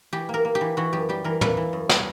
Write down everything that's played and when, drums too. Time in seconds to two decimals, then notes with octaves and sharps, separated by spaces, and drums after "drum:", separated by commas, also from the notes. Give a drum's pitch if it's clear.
0.13 E3 G4
0.29 A#3 A#4
0.45 A#3
0.55 G4
0.61 E3
0.77 E3 F#4
0.93 F#2 G4
1.09 G3 G4
1.24 E3 A#4
1.41 A#3 B4, drum: tom
1.57 E3
1.73 F#2
1.89 G3, drum: snare